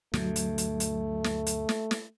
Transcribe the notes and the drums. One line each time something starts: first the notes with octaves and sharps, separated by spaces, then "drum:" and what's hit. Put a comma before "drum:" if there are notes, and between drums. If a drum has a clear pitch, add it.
D2 G2 B2 F#3 A3, drum: snare
drum: hi-hat
drum: hi-hat
drum: hi-hat
drum: snare
drum: hi-hat
drum: snare
drum: snare